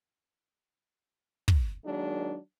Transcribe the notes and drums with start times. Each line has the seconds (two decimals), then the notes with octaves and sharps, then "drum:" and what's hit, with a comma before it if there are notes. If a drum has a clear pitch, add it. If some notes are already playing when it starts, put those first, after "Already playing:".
1.48 drum: kick
1.85 D#3 F#3 G#3 A#3 D4 D#4